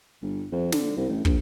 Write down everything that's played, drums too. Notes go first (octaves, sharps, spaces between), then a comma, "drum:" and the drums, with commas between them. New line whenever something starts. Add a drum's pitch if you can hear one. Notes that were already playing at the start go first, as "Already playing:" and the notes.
G1
F2
D3, drum: snare
C2
A1
A#1, drum: kick